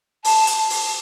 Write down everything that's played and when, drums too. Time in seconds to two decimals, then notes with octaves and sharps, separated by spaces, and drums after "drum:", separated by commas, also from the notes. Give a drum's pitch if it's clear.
0.24 A5, drum: open hi-hat
0.47 drum: hi-hat
0.70 drum: open hi-hat